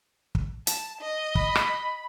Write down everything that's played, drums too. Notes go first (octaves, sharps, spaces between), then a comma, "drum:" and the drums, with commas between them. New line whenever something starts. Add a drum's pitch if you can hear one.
drum: kick
A5, drum: hi-hat
D#5
B5, drum: kick
drum: rim click